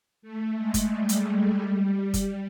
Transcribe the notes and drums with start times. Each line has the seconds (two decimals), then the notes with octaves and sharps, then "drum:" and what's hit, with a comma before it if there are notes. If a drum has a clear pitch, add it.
0.22 A3
0.57 G#3
0.74 drum: kick F#1, hi-hat
0.92 G3
1.09 drum: hi-hat
1.61 G3
2.14 drum: kick F#1, hi-hat